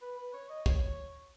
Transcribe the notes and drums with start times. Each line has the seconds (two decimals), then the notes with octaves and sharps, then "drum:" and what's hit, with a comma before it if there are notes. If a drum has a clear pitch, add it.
0.02 B4
0.18 B4
0.33 C#5
0.49 D#5
0.66 C#5, drum: kick